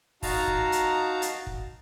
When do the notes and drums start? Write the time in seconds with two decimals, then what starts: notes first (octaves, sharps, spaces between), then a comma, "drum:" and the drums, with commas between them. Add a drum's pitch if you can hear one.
0.23 D#4 F#4 F5 A5 A#5, drum: kick, open hi-hat
0.47 drum: kick
0.72 drum: hi-hat
1.22 drum: hi-hat
1.47 drum: kick